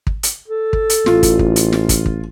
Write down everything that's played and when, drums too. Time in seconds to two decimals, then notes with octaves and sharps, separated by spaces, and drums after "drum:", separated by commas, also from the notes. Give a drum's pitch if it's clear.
0.07 drum: kick
0.23 drum: hi-hat
0.48 A4
0.73 drum: kick
0.90 drum: hi-hat
1.06 A1 F4, drum: snare
1.23 drum: kick, hi-hat
1.39 drum: kick
1.56 drum: hi-hat
1.72 drum: snare
1.89 drum: kick, hi-hat
2.06 drum: kick